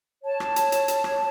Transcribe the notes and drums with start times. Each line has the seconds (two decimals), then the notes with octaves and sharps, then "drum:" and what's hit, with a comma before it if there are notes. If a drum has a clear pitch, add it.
0.24 C#5 A5
0.40 drum: rim click
0.56 drum: hi-hat
0.72 drum: hi-hat
0.88 drum: hi-hat
1.04 drum: rim click